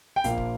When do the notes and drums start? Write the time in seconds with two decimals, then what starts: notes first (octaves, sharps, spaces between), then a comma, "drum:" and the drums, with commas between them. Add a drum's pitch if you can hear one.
0.16 G5
0.24 A#1 A#2 F3 A#3 F5, drum: hi-hat
0.38 drum: kick